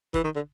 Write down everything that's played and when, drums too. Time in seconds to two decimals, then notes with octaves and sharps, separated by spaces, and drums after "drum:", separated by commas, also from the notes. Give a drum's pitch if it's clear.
0.14 E3, drum: kick
0.24 D#3
0.35 D3